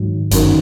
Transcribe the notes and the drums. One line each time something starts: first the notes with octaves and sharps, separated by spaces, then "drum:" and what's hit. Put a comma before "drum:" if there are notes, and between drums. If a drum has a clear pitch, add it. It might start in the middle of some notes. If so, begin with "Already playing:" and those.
Already playing: G#2 D#3 F#3
G1 F#2 D#3, drum: hi-hat